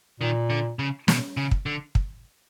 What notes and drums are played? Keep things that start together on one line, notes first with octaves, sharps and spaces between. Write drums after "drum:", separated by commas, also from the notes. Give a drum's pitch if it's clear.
A#2 D#3
D3
C#3
B2, drum: snare
C#3
drum: kick
D3
drum: kick